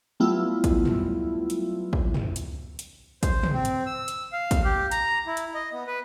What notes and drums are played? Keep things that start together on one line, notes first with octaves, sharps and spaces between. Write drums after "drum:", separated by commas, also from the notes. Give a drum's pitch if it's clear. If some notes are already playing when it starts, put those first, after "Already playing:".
F#3 G3 A3 B3 E4 F4
drum: kick, hi-hat
drum: tom
drum: hi-hat
drum: kick
drum: tom
drum: hi-hat
drum: hi-hat
C5, drum: kick, hi-hat
drum: tom
C4
drum: hi-hat
E6
drum: hi-hat
F5
drum: kick, hi-hat
G4
A#5, drum: hi-hat
E4
drum: hi-hat
D#5
B3
B4